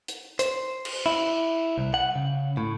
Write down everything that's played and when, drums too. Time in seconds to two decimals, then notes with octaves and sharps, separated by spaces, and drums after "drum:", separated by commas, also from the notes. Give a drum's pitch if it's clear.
0.08 drum: hi-hat
0.39 C5, drum: hi-hat
0.85 drum: cymbal
1.06 E4
1.78 C2
1.94 F#5
2.15 C#3
2.57 A2